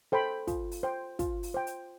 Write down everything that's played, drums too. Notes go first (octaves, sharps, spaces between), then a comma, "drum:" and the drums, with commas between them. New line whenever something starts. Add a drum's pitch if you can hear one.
A4 C5 G5 B5
F4, drum: kick, hi-hat
drum: open hi-hat
C5 G5
F4, drum: kick, hi-hat
drum: open hi-hat
C5 G5
drum: hi-hat